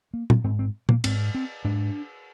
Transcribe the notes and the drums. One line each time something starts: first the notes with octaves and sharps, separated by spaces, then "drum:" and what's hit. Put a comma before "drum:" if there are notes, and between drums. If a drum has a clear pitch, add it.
A#3
drum: tom
G#2 C4
C4
A#3, drum: tom
G#2 C4, drum: cymbal
C4
G#2 D4